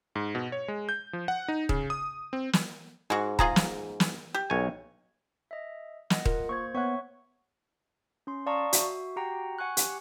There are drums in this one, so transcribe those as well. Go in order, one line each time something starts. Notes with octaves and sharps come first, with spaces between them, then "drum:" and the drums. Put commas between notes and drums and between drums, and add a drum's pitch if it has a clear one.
G#2
B2
C#5
G#3
G6
F3
F#5
D#4
C#3, drum: kick D#1
D#6
C4
drum: snare
G#2 G#3 F#4
F4 G#4 A#5, drum: kick D#1
drum: snare
drum: snare
G4
B1 C#5 G#5
D#5 E5
D#5 F#5, drum: snare
F4 A#4, drum: kick D#1
A#3 C5 C#6 G#6
B3 C#5 E5 F#5 C#6
C#4 C6
D5 F5 A5 A#5 C#6 D#6
F#4 E5, drum: hi-hat
F#4 G4 F#5 G5 A#5
F#5 G#5 C#6 F#6
G4, drum: hi-hat